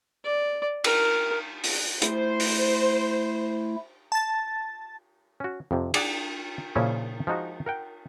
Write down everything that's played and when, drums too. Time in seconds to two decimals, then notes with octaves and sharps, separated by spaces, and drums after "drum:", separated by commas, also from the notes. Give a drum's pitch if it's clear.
0.25 D5
0.84 A#4, drum: cymbal
1.64 drum: open hi-hat
2.02 A3 E4 C5, drum: hi-hat
2.40 drum: open hi-hat
4.12 A5 A6
5.40 C#4 F#4
5.71 F2 C3
5.94 G#4 D5 F#5, drum: cymbal
6.76 A#2 C#3 F3 C#4 E4
7.27 F3 G#3 D#4 F#4
7.66 A#4 F#5 G5